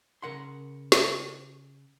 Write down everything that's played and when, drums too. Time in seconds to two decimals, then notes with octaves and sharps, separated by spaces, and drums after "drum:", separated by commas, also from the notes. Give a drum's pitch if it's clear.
0.22 C#3 A#4 F#5 C6
0.92 drum: snare